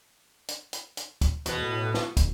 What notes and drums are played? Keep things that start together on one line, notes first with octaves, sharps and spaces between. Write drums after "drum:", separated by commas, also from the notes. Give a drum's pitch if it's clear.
drum: hi-hat
drum: hi-hat
drum: hi-hat
drum: kick, hi-hat
E2 B2 B3, drum: hi-hat
A2
drum: snare
D1, drum: kick, hi-hat